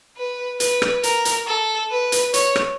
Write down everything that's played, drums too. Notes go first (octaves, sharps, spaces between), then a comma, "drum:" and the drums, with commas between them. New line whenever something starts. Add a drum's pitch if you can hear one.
B4
B4, drum: hi-hat
drum: rim click
A#4, drum: hi-hat
drum: hi-hat
A4
B4
drum: hi-hat
C#5, drum: hi-hat
drum: rim click